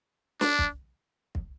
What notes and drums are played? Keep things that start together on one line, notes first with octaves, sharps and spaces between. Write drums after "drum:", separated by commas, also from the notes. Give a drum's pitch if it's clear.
D4, drum: snare
drum: kick
drum: kick